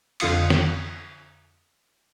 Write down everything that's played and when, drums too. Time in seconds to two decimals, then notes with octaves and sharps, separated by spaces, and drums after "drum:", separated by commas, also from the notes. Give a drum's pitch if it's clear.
0.20 F2 D3 F4 F5 D#6 C#7, drum: cymbal
0.50 drum: snare